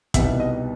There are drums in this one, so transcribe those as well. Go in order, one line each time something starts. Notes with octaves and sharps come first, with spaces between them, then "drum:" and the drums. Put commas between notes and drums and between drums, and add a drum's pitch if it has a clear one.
C2 B2 G3 B3 D#4 E5, drum: kick, hi-hat
D#5